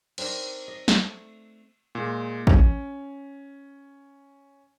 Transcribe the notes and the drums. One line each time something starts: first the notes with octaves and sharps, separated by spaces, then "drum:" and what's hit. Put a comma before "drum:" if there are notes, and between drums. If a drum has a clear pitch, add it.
C4 D4 D#4 A#4, drum: cymbal
D#5
A3, drum: snare
A#2 G#3
C#4, drum: kick